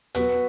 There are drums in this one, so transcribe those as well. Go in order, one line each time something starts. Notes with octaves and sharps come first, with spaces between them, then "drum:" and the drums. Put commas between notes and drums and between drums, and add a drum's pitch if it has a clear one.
F#3 B3 F#4 B4, drum: hi-hat